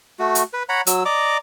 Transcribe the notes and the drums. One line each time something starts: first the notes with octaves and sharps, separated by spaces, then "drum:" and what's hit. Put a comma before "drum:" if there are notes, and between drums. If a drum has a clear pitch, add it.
A3 F#4
drum: hi-hat
B4
C#5 F#5 A#5 B5
F#3 E6, drum: hi-hat
D5 D#5 A#5 D6